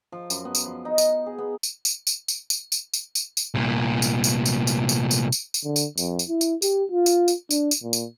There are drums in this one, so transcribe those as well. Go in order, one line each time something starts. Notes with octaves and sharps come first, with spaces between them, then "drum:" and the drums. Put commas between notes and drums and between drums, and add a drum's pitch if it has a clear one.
F3
F#2, drum: tambourine
B3
drum: tambourine
F3
D#4
drum: tambourine
G#4
B3
drum: tambourine
drum: tambourine
drum: tambourine
drum: tambourine
drum: tambourine
drum: tambourine
drum: tambourine
drum: tambourine
drum: tambourine
C2 A#2
drum: tambourine
drum: tambourine
drum: tambourine
drum: tambourine
drum: tambourine
drum: tambourine
drum: tambourine
drum: tambourine
D3
drum: tambourine
F2, drum: tambourine
drum: tambourine
E4
drum: tambourine
G4, drum: tambourine
F4
drum: tambourine
drum: tambourine
D4, drum: tambourine
drum: tambourine
A#2
drum: tambourine